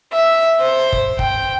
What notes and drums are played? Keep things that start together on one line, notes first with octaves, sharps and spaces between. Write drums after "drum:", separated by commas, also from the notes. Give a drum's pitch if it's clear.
E5
C5
drum: kick
G5, drum: kick